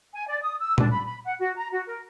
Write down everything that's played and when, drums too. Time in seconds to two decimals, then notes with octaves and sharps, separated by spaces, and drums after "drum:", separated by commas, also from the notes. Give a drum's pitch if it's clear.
0.14 G#5
0.27 D5
0.44 D#6
0.60 E6
0.78 D4, drum: tom A#2
0.91 B5
1.06 B5
1.24 F#5
1.39 F#4
1.57 A#5
1.71 F#4
1.86 A#4